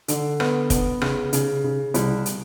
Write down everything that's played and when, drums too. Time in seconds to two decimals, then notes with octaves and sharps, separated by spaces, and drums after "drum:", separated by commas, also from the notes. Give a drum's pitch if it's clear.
0.08 D3, drum: hi-hat
0.40 B3, drum: rim click
0.70 B3, drum: kick, hi-hat
1.01 C#3, drum: rim click
1.33 C#3, drum: hi-hat
1.64 C#3
1.94 C2, drum: hi-hat
2.26 drum: hi-hat